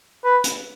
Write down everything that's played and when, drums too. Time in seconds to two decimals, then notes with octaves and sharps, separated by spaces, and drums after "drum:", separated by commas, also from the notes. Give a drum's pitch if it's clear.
0.24 B4
0.44 drum: hi-hat